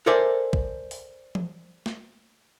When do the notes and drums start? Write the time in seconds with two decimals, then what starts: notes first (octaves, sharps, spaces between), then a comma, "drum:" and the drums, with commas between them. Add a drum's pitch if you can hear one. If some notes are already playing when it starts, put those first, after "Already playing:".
0.06 A4 A#4 C5 D5 E5 G#5
0.53 drum: kick
0.91 drum: open hi-hat
1.35 drum: tom F3
1.86 drum: snare